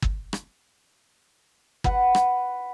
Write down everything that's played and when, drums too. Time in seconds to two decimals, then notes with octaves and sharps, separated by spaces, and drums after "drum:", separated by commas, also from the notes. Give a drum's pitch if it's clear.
0.02 drum: kick
0.33 drum: rim click
1.84 B4 F#5, drum: kick
2.15 drum: rim click